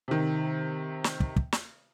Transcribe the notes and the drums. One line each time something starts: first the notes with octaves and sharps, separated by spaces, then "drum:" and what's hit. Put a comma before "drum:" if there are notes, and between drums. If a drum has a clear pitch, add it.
C3 D#3
drum: snare
drum: kick
drum: kick
drum: snare